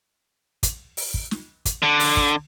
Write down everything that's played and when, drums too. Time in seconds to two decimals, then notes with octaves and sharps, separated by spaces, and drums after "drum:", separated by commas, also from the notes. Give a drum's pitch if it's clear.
0.63 drum: kick, hi-hat
0.97 drum: open hi-hat
1.14 drum: kick
1.31 drum: snare
1.65 drum: kick, hi-hat
1.83 D3
2.00 drum: open hi-hat
2.17 drum: kick